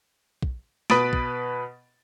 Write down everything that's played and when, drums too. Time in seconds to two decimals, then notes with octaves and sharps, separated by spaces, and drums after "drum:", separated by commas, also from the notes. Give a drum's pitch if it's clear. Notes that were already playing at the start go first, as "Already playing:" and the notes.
0.42 drum: kick
0.90 B2 B4 B5 D#6 A6 D7, drum: snare
1.13 drum: kick